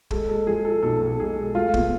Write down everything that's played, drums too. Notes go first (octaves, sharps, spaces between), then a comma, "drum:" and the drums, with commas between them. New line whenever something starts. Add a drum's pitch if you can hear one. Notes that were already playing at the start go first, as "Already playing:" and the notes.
G#3 A4, drum: kick
G#3 A4
F3 G#4
G#3 A4
B1 A4
B1
G#3 G#4
G#3
A3 F4
B2, drum: kick